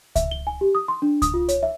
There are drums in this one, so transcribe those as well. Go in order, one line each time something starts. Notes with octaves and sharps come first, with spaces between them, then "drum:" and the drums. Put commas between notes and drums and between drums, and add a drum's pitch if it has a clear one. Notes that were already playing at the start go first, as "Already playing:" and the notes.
E5, drum: kick C#2, hi-hat
G7
G#5
G4
D#6
C6
D4
D#6, drum: kick C#2, hi-hat
F4
C#5, drum: hi-hat
E5